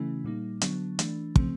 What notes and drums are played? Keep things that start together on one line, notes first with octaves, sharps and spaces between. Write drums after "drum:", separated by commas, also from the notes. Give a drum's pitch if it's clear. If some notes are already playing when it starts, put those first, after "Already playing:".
Already playing: C#3 E3 A3 C#4 E4
A#2 G3 A#3 D#4
D3 F#3 B3 D4, drum: hi-hat
E3 A3 D4, drum: hi-hat
C#3 F3 A3 C4, drum: kick